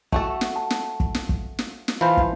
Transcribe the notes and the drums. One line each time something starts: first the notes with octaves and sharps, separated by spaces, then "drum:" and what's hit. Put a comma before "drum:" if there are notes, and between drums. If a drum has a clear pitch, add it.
A3 F#4 A4, drum: kick
drum: snare
A5
drum: snare
drum: kick
drum: snare
drum: kick
drum: snare
drum: snare
E3 F4 C5 A5 B5
drum: kick